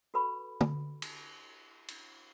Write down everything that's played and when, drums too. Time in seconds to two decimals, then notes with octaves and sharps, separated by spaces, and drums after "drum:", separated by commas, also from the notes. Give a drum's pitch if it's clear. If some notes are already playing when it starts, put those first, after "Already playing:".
0.14 F#4 A4 B4 B5 C#6
0.61 drum: tom
1.02 drum: cymbal
1.88 drum: cymbal